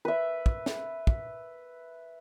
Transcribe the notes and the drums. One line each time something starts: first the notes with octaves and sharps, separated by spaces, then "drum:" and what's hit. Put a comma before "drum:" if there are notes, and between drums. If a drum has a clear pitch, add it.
B4 E5
drum: kick
drum: snare
drum: kick